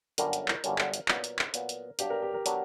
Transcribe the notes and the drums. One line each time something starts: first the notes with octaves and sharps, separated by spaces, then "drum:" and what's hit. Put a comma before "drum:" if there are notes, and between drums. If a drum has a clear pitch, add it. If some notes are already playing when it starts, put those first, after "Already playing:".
G1 F#2 D3 G3 C#4 A#4, drum: hi-hat
drum: hi-hat
drum: clap
G1 F#2 D3 G3 C#4, drum: hi-hat
drum: clap
drum: hi-hat
A#2 F#3 B3, drum: clap
drum: hi-hat
drum: clap
A#2 F#3 B3, drum: hi-hat
drum: hi-hat
G2 F#3 B3 D4 G4, drum: hi-hat
A#4
G4
A#4
F#3 B3 D4, drum: hi-hat